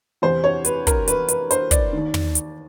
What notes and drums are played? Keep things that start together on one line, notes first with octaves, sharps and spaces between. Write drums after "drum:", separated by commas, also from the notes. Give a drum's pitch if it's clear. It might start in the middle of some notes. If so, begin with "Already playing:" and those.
E2 C3 E3 C5
C#5
B4, drum: hi-hat
A#4, drum: kick, hi-hat
B4, drum: hi-hat
B4, drum: hi-hat
C5, drum: hi-hat
D5, drum: kick, hi-hat
D#2 D#3
drum: tom
drum: hi-hat